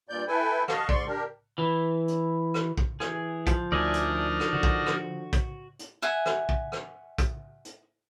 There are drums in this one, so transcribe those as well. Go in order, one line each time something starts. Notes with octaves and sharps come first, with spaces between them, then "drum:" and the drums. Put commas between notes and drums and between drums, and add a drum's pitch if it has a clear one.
G2 A#2 D5 G6
E4 A4 B4 G5 G#5
D#5 F5 F#5 A5 C#6, drum: rim click
G#2 D5 C6 C#6, drum: kick
D4 G4 A#4
E3
drum: hi-hat
drum: rim click
drum: kick
E3 G#4, drum: rim click
F3, drum: kick, hi-hat
D2 D4 D#4 A#4 D5 E5 G#5
drum: hi-hat
drum: rim click
D3 F#4
drum: kick
drum: rim click
drum: kick, hi-hat
drum: hi-hat
E5 F#5 G#5
drum: rim click
drum: kick
drum: rim click
drum: kick, hi-hat
drum: hi-hat